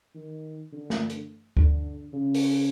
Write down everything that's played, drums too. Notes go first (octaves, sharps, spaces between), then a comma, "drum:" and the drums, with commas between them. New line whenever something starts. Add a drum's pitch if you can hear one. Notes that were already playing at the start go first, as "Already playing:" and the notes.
D#3
D3
drum: snare
drum: hi-hat
D3, drum: kick D2
C#3
drum: open hi-hat